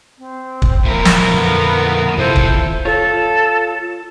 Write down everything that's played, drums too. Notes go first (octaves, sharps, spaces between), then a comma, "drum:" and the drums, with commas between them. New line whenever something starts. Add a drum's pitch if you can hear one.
C4
drum: kick
A#2 F3 E4 A#4
drum: snare
F2 D3 B3
E2 G2 C3 E4 F4 A4 C5
drum: kick
F4 A4 C#5